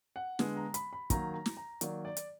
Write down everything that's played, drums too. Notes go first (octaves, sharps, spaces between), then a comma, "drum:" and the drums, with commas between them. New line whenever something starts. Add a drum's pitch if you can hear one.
F#5
D3 G#3 B3, drum: snare
A#5
B5, drum: hi-hat
B5
D#3 F#3 A#3 A#5, drum: kick, hi-hat
A#5
drum: snare
A#5
D#3 F#3 A#3 D5, drum: hi-hat
D5
drum: hi-hat